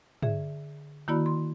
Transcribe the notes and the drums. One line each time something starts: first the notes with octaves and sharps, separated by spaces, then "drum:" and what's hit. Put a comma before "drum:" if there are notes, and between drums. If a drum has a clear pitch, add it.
D3 G#4 E5, drum: tom
D#3 A#3 E4 F#4 D5 B5
C6